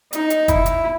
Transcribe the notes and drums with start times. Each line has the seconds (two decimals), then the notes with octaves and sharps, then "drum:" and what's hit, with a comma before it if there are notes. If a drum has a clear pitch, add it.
0.13 D#4, drum: hi-hat
0.30 drum: hi-hat
0.48 E4, drum: kick, hi-hat
0.66 drum: hi-hat